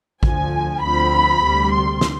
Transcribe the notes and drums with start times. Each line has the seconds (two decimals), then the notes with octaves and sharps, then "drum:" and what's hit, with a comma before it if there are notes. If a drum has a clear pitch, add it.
0.23 D2 D3 F3 G#5, drum: kick A1
0.82 D2 D3 F3 C4 B5
1.42 D2 C3 G3
1.72 C6
2.01 drum: snare